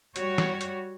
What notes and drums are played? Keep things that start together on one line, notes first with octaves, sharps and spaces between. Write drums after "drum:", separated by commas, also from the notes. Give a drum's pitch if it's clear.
G3 F#4 C#5, drum: hi-hat
drum: snare
drum: hi-hat